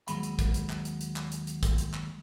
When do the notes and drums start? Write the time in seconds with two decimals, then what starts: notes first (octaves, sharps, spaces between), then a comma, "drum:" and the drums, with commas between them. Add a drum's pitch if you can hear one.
0.08 D#2 F#3 G#3 B5, drum: hi-hat
0.23 drum: hi-hat
0.39 drum: kick, hi-hat
0.54 drum: hi-hat
0.70 drum: clap
0.85 drum: hi-hat
1.01 drum: hi-hat
1.16 drum: clap
1.32 drum: hi-hat
1.47 drum: hi-hat
1.63 drum: kick, hi-hat
1.78 drum: hi-hat
1.94 drum: clap